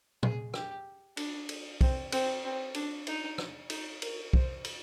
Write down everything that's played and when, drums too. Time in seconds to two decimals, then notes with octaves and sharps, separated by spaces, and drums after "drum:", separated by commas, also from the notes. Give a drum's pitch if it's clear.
0.23 G#4, drum: tom A#2
0.54 G4, drum: rim click
1.17 D4, drum: cymbal
1.49 drum: cymbal
1.81 C4, drum: kick B1, cymbal
2.12 C4, drum: cymbal
2.44 C4
2.74 D4, drum: cymbal
3.07 D#4, drum: cymbal
3.38 drum: rim click
3.70 D#4, drum: cymbal
4.02 A#4, drum: cymbal
4.33 C5, drum: kick B1
4.65 drum: cymbal